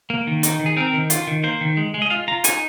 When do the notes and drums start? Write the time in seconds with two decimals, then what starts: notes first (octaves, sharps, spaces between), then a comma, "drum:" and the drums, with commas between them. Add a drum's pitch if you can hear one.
0.10 A#3
0.27 D#3
0.43 D#4, drum: hi-hat
0.60 D#3
0.66 G#4
0.77 C4 A#4
0.93 D#3
1.10 F4, drum: hi-hat
1.27 D#3
1.43 A#3 C5
1.61 D#3
1.77 G#3
1.94 G#3
2.02 D#5
2.10 F4 F5
2.28 F4 A#5
2.44 D#4 G#5, drum: hi-hat